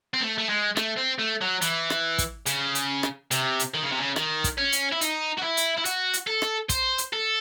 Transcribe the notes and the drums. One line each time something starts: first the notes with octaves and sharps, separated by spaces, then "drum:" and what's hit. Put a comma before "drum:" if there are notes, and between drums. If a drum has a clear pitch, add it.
C4
A3
A3
G#3
A3, drum: rim click
C4
A3
F#3
E3, drum: hi-hat
drum: rim click
drum: kick, hi-hat
C#3, drum: hi-hat
drum: hi-hat
drum: rim click
C3, drum: hi-hat
drum: hi-hat
D#3
C#3
C3
C#3
D#3, drum: rim click
drum: kick, hi-hat
C#4
drum: hi-hat
E4
D#4, drum: hi-hat
F#4
E4
drum: hi-hat
E4
F#4, drum: hi-hat
drum: hi-hat
A4
drum: rim click
C5, drum: kick, hi-hat
drum: hi-hat
A4